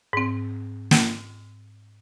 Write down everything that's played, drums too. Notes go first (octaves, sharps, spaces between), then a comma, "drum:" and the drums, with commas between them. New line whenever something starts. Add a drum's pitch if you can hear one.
G#2 C4
drum: snare